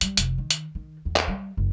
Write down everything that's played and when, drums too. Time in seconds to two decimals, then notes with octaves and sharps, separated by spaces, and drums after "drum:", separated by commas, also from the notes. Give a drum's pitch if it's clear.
0.01 G3, drum: hi-hat
0.17 F1, drum: hi-hat
0.38 D#3
0.50 drum: hi-hat
0.75 D#3
1.05 E2
1.16 drum: clap
1.28 G3
1.57 F#1